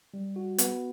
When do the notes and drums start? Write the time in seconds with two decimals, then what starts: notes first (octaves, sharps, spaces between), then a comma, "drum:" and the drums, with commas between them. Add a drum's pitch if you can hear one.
0.14 G3
0.36 F#4
0.58 B3, drum: hi-hat